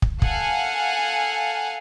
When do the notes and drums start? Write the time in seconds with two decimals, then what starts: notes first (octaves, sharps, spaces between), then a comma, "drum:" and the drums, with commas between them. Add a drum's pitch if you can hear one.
0.02 drum: kick
0.22 A4 F5 F#5 G#5, drum: kick